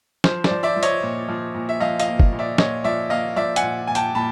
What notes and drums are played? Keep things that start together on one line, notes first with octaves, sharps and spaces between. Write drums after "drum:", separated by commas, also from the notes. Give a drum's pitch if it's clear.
F3 C5, drum: snare
C5 D5, drum: snare
F3
D5 E5
F3
C#5 D#5, drum: hi-hat
A#2
F3
A#2
E5
F3 D#5 F5
D#5 F5, drum: hi-hat
A#3
drum: kick G1
A#2
D5 E5
A#2 C#5 D#5, drum: snare
F3 D5 E5
A#3 D#5 F5
F3 D5 E5
F#5 G#5, drum: hi-hat
A#2
A#2 G#5
G5 A5, drum: hi-hat
A#2 A5 B5